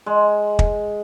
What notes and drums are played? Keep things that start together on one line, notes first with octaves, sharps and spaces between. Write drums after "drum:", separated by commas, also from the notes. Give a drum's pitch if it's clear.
G#3
drum: kick